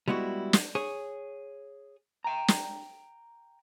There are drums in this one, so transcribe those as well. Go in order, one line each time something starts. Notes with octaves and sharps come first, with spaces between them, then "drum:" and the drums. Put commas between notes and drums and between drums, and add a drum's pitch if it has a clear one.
G3 G#3 B3 E4 F#4
drum: snare
G#4 C#5
G5 A#5
drum: snare